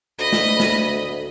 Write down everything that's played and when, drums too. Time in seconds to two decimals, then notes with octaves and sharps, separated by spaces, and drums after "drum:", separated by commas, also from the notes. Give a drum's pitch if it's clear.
0.19 D2 D#5 B5
0.33 drum: snare
0.60 drum: snare